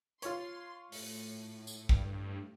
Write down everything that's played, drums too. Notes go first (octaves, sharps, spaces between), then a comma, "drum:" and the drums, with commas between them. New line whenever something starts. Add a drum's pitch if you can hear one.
F4 C#5 C6, drum: hi-hat
A2, drum: open hi-hat
drum: tambourine
G2, drum: kick